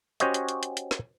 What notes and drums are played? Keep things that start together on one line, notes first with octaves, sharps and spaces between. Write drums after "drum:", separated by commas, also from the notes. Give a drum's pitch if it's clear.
C#4 F#4 G4 C5 C#5 D#5, drum: hi-hat
drum: hi-hat
drum: hi-hat
drum: hi-hat
drum: hi-hat
drum: snare